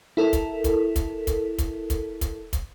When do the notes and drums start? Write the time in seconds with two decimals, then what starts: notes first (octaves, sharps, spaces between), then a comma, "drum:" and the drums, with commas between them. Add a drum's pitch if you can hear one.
0.17 E4 A4 A#4
0.33 drum: kick, hi-hat
0.64 drum: kick, hi-hat
0.96 drum: kick, hi-hat
1.27 drum: kick, hi-hat
1.58 drum: kick, hi-hat
1.90 drum: kick, hi-hat
2.21 drum: kick, hi-hat
2.53 drum: kick, hi-hat